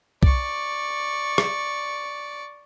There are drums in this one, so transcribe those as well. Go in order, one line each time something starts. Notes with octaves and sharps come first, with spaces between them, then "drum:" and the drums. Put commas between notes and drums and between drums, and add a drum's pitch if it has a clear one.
D5 C#6, drum: kick
drum: rim click